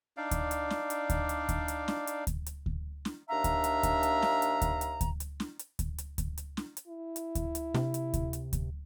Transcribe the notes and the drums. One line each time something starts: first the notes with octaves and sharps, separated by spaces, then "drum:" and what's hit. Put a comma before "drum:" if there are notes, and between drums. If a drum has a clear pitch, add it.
D4 D#4 D5 F5
drum: kick D2, hi-hat
drum: hi-hat
drum: snare
drum: hi-hat
drum: kick D2, hi-hat
drum: hi-hat
drum: kick D2, hi-hat
drum: hi-hat
drum: snare
drum: hi-hat
drum: kick D2, hi-hat
drum: hi-hat
drum: kick D2
drum: snare
D#2 D4 E5 F5 A#5
drum: kick D2, hi-hat
drum: hi-hat
drum: kick D2, hi-hat
drum: hi-hat
drum: snare
drum: hi-hat
drum: kick D2, hi-hat
drum: hi-hat
drum: kick D2, hi-hat
drum: hi-hat
drum: snare
drum: hi-hat
drum: kick D2, hi-hat
drum: hi-hat
drum: kick D2, hi-hat
drum: hi-hat
drum: snare
drum: hi-hat
E4
drum: hi-hat
drum: kick D2, hi-hat
drum: hi-hat
C3, drum: snare
drum: hi-hat
drum: kick D2, hi-hat
drum: hi-hat
drum: kick D2, hi-hat